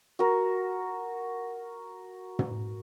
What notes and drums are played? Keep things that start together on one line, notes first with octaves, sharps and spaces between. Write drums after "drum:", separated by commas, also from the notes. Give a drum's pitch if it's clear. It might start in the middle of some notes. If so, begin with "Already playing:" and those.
F#4 A#4
drum: tom